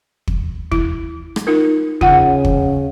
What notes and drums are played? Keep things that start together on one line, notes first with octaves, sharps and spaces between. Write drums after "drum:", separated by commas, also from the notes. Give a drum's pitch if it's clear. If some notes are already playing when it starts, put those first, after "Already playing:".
drum: kick
E4, drum: kick
drum: rim click
D#4 F4 A#4
C#3 F4 F#5, drum: kick
drum: kick